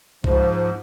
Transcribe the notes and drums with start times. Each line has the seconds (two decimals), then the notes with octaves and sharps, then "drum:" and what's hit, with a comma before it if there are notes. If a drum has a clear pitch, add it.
0.24 G#2 F3, drum: kick C2